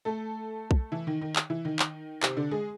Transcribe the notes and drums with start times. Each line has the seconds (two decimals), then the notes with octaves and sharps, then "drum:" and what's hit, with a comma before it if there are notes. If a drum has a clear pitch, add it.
0.05 A3 A4
0.71 drum: kick B1
0.92 E3 E4
1.07 D#3 D#4
1.21 D#3 D#4
1.36 drum: clap
1.50 E3 E4
1.65 D#3 D#4
1.79 drum: clap
2.23 C3 C4, drum: clap
2.37 D3 D4
2.51 G#3 G#4